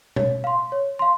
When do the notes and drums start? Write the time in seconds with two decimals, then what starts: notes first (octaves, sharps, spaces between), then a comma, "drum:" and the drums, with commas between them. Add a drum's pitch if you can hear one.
0.16 C#5, drum: tom B2
0.44 F5 C6
0.72 C#5
0.99 F5 C6